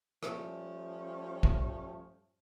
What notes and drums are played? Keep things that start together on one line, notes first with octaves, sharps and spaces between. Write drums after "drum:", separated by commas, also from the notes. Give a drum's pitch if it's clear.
F3 G3 A3 C#4, drum: rim click
drum: kick